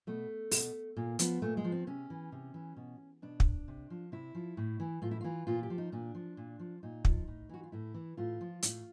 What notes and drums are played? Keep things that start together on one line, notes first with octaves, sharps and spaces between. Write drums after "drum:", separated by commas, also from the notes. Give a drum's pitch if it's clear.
B2 A3
B2, drum: open hi-hat
A#2 A#3
F3 B3, drum: hi-hat
A#2 A3
G#3
F3
C4
C3 C#4
E3
C3
E3
B2
B2 D4
drum: kick
C3
F3
C3 E4
F3
A2
E3
A2 F4
E4
E3 F4
A#2 F4
G4
F3
D#4
A#2 D4
F3
A#2
F3
A#2 D#4
F3, drum: kick
A2
E3 F#4
F4
A2 E4
E3
A2 F4
F3
A2, drum: hi-hat